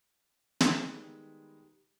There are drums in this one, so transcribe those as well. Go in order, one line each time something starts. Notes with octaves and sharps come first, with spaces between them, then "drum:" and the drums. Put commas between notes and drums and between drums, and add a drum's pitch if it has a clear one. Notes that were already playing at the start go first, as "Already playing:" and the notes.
D#3 G3 G#3 B3, drum: snare